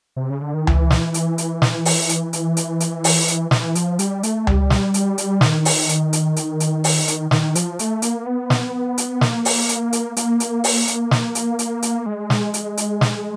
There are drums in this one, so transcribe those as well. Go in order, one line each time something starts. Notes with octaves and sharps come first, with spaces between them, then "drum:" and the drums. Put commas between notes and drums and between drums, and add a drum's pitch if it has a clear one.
C3
C#3
D3
D#3
E3, drum: tom C#2
drum: snare
drum: hi-hat
drum: hi-hat
drum: snare
drum: open hi-hat
drum: hi-hat
drum: hi-hat
drum: hi-hat
drum: hi-hat
drum: open hi-hat
drum: hi-hat
E3, drum: snare
F3, drum: hi-hat
G3, drum: hi-hat
A3, drum: hi-hat
G3, drum: tom C#2
drum: snare
drum: hi-hat
drum: hi-hat
D#3, drum: snare
drum: open hi-hat
drum: hi-hat
drum: hi-hat
drum: hi-hat
drum: hi-hat
drum: open hi-hat
drum: hi-hat
D#3, drum: snare
F3, drum: hi-hat
A3, drum: hi-hat
A#3, drum: hi-hat
B3
drum: snare
drum: hi-hat
A#3, drum: snare
drum: open hi-hat
drum: hi-hat
drum: hi-hat
A#3, drum: hi-hat
drum: hi-hat
drum: open hi-hat
drum: hi-hat
drum: snare
drum: hi-hat
drum: hi-hat
drum: hi-hat
G#3
drum: snare
drum: hi-hat
drum: hi-hat
drum: snare